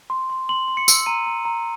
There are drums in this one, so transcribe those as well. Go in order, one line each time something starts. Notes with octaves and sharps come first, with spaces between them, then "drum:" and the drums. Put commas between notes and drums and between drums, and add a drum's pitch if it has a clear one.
C6
C6
C6 F#7
C6
C#7
E6, drum: tambourine
A#5 D#7
A#5
A#5